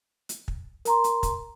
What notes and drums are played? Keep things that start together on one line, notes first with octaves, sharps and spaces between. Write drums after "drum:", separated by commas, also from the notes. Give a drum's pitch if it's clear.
drum: hi-hat
drum: kick
A#4 A#5 C6, drum: hi-hat
drum: hi-hat
drum: kick, hi-hat